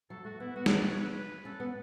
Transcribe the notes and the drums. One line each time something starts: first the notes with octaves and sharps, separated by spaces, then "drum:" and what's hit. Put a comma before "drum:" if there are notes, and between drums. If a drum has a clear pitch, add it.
F#3 A4
A3 F#4
B3 E4
B3 F#4
A4, drum: snare
B4
C#5
B4
C#4 A4
B3